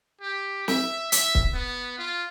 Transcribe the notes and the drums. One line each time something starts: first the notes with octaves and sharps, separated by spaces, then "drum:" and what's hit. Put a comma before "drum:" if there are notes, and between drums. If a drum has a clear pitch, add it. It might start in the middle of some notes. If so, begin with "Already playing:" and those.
G4
E5, drum: snare
E5, drum: hi-hat
drum: kick C#1
B3
F4